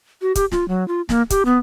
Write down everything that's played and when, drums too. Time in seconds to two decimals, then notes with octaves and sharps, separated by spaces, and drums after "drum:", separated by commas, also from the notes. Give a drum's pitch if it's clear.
0.22 F#4
0.35 G4, drum: kick, hi-hat
0.52 F4, drum: snare
0.68 F#3
0.88 F4
1.09 A#3, drum: snare
1.30 G4, drum: kick, hi-hat
1.45 B3